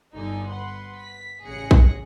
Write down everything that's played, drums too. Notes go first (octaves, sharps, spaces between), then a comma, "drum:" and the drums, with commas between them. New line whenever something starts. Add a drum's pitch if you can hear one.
G1 D3 D#4 G#5
B4 F#5 C6
B6
A1 C#3 G#4 F#6 A#6 C#7
drum: kick A#1